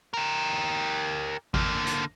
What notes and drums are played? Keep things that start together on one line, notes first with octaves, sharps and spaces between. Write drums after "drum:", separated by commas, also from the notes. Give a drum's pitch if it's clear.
G4 A#4
D3 A#3, drum: kick G#1
drum: hi-hat